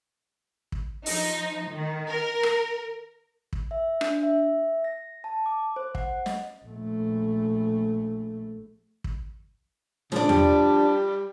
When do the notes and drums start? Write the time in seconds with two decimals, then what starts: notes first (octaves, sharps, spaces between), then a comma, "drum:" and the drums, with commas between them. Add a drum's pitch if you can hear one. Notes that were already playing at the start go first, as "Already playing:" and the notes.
0.72 drum: kick
1.06 F3 D#4, drum: open hi-hat
1.68 D#3
2.08 A#4
2.43 drum: rim click
3.53 drum: kick
3.71 E5
4.01 D4, drum: rim click
4.23 E5
4.84 A#6
5.24 A5
5.46 D6
5.76 C5
5.95 F#5, drum: kick
6.26 D#5, drum: snare
6.66 A#1 A3
9.04 drum: kick
10.12 C#3 F3 D4, drum: snare
10.29 G3, drum: tom E2